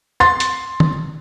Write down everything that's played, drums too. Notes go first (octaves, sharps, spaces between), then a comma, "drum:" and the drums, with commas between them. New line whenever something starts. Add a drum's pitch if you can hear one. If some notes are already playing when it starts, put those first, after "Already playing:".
C6 A6
drum: hi-hat
drum: tom D#3